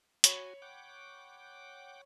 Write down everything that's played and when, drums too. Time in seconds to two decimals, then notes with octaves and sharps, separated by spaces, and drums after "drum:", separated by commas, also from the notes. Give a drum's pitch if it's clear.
0.24 F#4 C#5 G#5 B5 C#7, drum: hi-hat
0.62 F#5 G5 D6